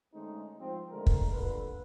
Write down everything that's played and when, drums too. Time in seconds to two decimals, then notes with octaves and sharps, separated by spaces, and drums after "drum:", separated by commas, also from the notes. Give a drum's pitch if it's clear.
0.14 D3 G#3 A3 C4 C#4 D#4
0.60 G#2 F3 C4
0.91 D3 G#3 A3 A#4
1.07 drum: kick
1.32 C2 A#2 D3 A4 B4